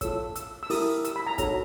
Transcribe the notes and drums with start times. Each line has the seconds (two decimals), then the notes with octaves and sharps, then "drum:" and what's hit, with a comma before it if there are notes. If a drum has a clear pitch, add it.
0.01 F4 A4 C#5 E6, drum: kick, hi-hat
0.36 E6, drum: hi-hat
0.63 E6
0.70 E4 G4 A#4 D#6, drum: open hi-hat
1.05 E6, drum: hi-hat
1.16 B5
1.27 A#5
1.38 D#4 F#4 A4 C#5 A#5, drum: kick, hi-hat